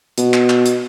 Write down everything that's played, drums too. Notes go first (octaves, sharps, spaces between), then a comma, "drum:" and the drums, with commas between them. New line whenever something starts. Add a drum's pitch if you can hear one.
B2, drum: hi-hat
drum: clap
drum: clap
drum: hi-hat